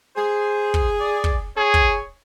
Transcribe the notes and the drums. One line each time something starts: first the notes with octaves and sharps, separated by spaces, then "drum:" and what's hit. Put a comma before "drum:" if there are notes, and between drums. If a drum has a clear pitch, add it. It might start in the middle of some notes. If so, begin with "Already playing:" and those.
G#4 C5
drum: kick
D5
drum: kick
G#4 C#5
drum: kick